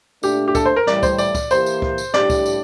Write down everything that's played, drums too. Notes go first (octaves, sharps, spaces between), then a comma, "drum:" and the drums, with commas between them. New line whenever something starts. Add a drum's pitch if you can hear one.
A#2 A3 D4 G4, drum: tambourine
G4
A4, drum: kick C#2, tambourine
C5
A#4
A2 E3 G3 D5, drum: snare
C5, drum: kick C#2, tambourine
D5, drum: tambourine
drum: kick C#2, tambourine
E3 A#3 E4 G4 C5, drum: tambourine
drum: tambourine
drum: kick C#2
drum: tambourine
A2 G3 D4 G4 D5, drum: snare
drum: kick C#2, tambourine
drum: tambourine